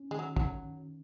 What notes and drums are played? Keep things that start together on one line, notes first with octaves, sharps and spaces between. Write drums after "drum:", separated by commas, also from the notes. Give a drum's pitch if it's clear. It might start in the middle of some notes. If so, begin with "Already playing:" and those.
Already playing: C#4
D#3 G#3
F#3
F#3, drum: kick